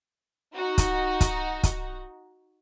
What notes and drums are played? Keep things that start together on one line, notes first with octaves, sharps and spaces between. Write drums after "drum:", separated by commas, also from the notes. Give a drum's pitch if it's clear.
D#4 F#4
drum: kick, hi-hat
drum: kick, hi-hat
drum: kick, hi-hat